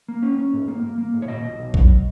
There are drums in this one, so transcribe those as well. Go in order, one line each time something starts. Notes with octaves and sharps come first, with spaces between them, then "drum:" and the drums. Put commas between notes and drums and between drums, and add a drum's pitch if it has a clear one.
A#3
C#4
C#4
G#2
A#3
A#3
A#3
G#2
C#5
A#2 D#5
B1
B1
F#3, drum: kick